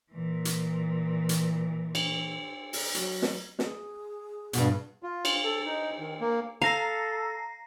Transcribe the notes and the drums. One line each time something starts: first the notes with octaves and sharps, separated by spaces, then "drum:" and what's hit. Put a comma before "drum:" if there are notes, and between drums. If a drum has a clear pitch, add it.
A#2 E3
drum: hi-hat
drum: hi-hat
drum: cymbal
drum: open hi-hat
F#3, drum: hi-hat
drum: snare
G#4, drum: snare
G2 B2, drum: hi-hat
F4
drum: cymbal
A4
D#4
D#3
A#3
A4 F5 A#5 A#6 C7